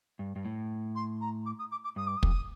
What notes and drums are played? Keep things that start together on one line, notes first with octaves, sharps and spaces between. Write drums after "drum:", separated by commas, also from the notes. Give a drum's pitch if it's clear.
G2
G2
A2
C6
A#5
D6
D#6
D6
D6
G2 D#6
D6
D#6
F2, drum: kick